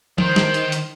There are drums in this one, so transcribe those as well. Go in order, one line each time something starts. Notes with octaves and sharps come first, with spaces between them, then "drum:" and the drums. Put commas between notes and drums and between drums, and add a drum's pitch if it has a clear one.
D#3 C5, drum: tom F3
drum: snare
drum: hi-hat
drum: hi-hat